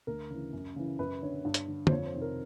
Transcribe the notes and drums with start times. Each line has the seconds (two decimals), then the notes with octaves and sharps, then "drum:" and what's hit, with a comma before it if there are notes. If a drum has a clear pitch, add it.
0.07 D2 A#4
0.30 C#3 E3
0.53 F#2
0.76 C#3 E3
0.99 F#2 B4
1.22 D3 C#5
1.45 G2
1.54 drum: hi-hat
1.68 D3
1.87 C5, drum: tom
1.91 F2 C#5
2.06 C5
2.13 C3 D#3
2.22 A#4